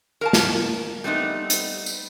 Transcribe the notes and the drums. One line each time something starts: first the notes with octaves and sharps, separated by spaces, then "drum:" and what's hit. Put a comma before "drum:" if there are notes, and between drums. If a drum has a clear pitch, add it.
A#4 F5 A5
drum: snare
G3 A3 B3 C4 D#4
drum: hi-hat
drum: tambourine